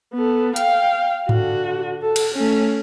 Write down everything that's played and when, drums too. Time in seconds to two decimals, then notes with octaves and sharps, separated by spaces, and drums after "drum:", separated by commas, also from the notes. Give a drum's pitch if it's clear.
0.14 B3 A4
0.56 F5 G5, drum: hi-hat
1.29 D3 F#4, drum: tom G#2
2.02 A4
2.16 drum: cymbal
2.35 A3 C#4